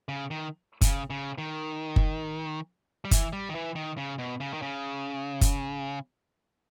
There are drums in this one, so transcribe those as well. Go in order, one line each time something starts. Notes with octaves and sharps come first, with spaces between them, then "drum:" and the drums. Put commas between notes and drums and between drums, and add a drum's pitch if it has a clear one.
C#3
D#3
C#3, drum: kick F#1, hi-hat
C#3
D#3
drum: kick F#1
G3
E3, drum: kick F#1, hi-hat
G3
D#3
E3
D#3
C#3
B2
C#3
D#3
C#3
drum: kick F#1, hi-hat